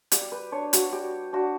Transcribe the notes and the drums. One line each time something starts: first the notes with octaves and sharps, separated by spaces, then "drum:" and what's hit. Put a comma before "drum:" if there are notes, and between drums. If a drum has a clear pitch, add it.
G3 G4, drum: hi-hat
B4
D4 C#5
F#4, drum: hi-hat
G3 G4
D4 F#4